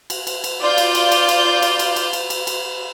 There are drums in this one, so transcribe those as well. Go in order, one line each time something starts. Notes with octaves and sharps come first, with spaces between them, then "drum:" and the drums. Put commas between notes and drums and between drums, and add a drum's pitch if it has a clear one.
drum: cymbal
drum: cymbal
drum: cymbal
F4 D5 G6
drum: cymbal
drum: cymbal
drum: cymbal
drum: cymbal
drum: cymbal
drum: cymbal
drum: cymbal
drum: cymbal
drum: cymbal
drum: cymbal